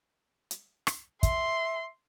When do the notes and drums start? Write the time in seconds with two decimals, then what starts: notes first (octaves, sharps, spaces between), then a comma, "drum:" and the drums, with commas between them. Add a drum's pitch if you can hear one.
0.51 drum: hi-hat
0.87 drum: rim click
1.23 E5 C6, drum: kick, hi-hat